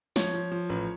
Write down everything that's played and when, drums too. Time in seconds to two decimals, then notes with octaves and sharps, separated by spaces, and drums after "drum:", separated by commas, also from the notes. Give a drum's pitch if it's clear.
0.16 F3 C#5, drum: snare
0.34 F3
0.52 F3
0.70 A1